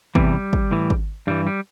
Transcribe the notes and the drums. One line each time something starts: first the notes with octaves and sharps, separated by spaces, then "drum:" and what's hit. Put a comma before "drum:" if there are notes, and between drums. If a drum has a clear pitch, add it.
E2 C3 E3 G3, drum: kick G#1
drum: kick G#1
A2 E3
drum: kick G#1
G2 E3 G3
G3